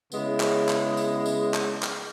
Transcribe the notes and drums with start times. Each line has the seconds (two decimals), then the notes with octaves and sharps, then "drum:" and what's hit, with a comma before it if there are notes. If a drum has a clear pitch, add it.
0.12 C#3 G#3 B3 E4, drum: tambourine
0.40 drum: clap
0.69 drum: clap
0.97 drum: tambourine
1.26 drum: tambourine
1.54 drum: clap
1.83 drum: clap